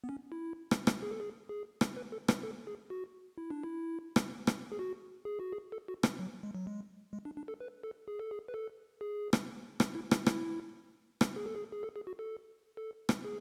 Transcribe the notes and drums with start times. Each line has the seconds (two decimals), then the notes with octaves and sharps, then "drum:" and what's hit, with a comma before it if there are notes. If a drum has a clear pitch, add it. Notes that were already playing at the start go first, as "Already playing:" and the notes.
0.04 B3
0.09 C#4
0.32 E4
0.71 drum: rim click
0.87 drum: rim click
1.02 G#4
1.11 A4
1.20 G#4
1.49 G#4
1.81 drum: rim click
1.97 B4
2.12 A4
2.28 B4, drum: rim click
2.43 A4
2.67 G#4
2.90 F#4
3.38 E4
3.50 D4
3.63 E4
4.16 drum: rim click
4.47 drum: rim click
4.72 G#4
4.79 F#4
5.25 G#4
5.40 F#4
5.52 G#4
5.72 A4
5.88 F#4
6.03 G#3, drum: rim click
6.19 F#3
6.43 G#3
6.55 F#3
6.67 G#3
7.13 G#3
7.25 D4
7.37 D4
7.48 A4
7.60 B4
7.83 A4
8.08 G#4
8.20 A4
8.31 G#4
8.48 B4
8.54 A4
9.01 G#4
9.33 drum: rim click
9.80 drum: rim click
9.95 E4
10.11 E4, drum: rim click
10.26 E4, drum: rim click
11.21 drum: rim click
11.36 G#4
11.46 A4
11.55 G#4
11.72 G#4
11.83 A4
11.96 G#4
12.07 F#4
12.19 A4
12.77 A4
13.09 drum: rim click
13.25 G#4